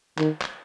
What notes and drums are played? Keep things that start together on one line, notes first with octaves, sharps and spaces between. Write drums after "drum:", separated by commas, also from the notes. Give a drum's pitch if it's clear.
D#3, drum: clap
drum: clap